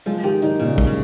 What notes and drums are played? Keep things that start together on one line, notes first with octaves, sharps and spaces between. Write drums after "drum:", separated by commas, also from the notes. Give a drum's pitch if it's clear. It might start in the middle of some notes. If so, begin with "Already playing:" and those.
F3 G#3
D#3 G4
D#3 D#4
A#2 C#3
G#3, drum: kick
C#3